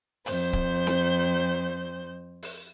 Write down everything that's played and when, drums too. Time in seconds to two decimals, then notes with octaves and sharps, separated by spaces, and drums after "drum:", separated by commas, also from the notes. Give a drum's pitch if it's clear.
0.26 F2 C5 G6, drum: open hi-hat
0.53 drum: kick C#1
0.87 drum: snare C4
2.43 drum: open hi-hat